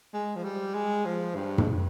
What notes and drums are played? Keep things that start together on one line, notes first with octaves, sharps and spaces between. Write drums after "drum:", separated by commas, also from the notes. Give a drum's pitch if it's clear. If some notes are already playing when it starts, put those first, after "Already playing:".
G#3
F3
G3
G#3
F3
G2
drum: tom